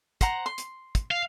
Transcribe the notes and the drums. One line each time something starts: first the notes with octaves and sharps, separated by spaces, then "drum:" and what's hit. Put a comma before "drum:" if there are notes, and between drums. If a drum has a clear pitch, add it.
C5 F#5 A#5, drum: kick, hi-hat
C6
drum: hi-hat
drum: kick, hi-hat
F5